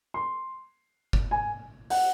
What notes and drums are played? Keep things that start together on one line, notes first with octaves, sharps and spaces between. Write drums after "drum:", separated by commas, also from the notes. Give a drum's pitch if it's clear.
C6
drum: kick F#1
G#5
F#5, drum: open hi-hat